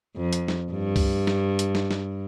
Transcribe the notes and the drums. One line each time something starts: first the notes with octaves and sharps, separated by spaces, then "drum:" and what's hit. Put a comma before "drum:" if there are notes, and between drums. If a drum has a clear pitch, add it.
F2
drum: hi-hat
drum: snare
G2
drum: kick C2, open hi-hat
drum: snare
drum: hi-hat
drum: snare
drum: snare